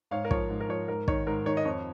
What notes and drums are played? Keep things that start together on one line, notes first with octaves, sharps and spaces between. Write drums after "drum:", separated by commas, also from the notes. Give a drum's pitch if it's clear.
G#2 C#5 F5
A#4
F3 C#5, drum: kick
G#2
A#4
F3 C#5
G#2 A#4
D#3 C#5, drum: kick
G#2 A#4
D#3 C#5
D#5
F2 C#5